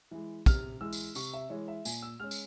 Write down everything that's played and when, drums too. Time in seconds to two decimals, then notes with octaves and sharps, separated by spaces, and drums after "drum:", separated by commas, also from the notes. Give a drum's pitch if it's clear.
0.11 E3 G#3
0.46 C3 F6, drum: kick, tambourine
0.81 E3 G#3 E6
0.93 drum: tambourine
1.15 C3 C#6, drum: tambourine
1.33 E5
1.50 E3 G#3 C#5
1.68 E5
1.85 A#2 G#5, drum: tambourine
2.02 E6
2.20 G#3 C#4 F6
2.31 drum: tambourine